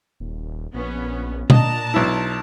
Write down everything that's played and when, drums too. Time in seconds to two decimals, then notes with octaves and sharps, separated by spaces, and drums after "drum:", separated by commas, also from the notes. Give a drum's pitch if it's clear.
0.20 D#1
0.74 A#1 B3 C#4
1.50 A#2 D4 D#5 A5 A#5, drum: tom B2
1.94 B1 E4